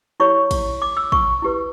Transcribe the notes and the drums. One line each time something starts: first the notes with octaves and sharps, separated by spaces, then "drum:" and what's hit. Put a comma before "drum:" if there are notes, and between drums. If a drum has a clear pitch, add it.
E4 G4 C#5 C#6
drum: kick, cymbal
D6
E6
C#6, drum: kick
E4 G4 B4